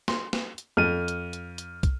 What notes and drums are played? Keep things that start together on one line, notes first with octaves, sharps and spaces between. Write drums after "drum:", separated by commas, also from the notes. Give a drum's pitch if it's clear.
C6, drum: snare
drum: snare
drum: hi-hat
F2 F6 D#7
drum: hi-hat
drum: hi-hat
drum: hi-hat
drum: kick, hi-hat